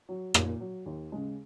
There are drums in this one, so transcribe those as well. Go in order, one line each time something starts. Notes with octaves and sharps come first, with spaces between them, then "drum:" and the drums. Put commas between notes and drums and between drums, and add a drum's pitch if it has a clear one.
F#3
A#2, drum: rim click
F#3
D#2
C#3 G#3